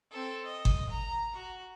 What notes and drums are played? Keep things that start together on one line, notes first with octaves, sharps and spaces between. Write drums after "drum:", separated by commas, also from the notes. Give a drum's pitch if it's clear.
C4 A4
D#5
drum: kick G1
A#5
F#4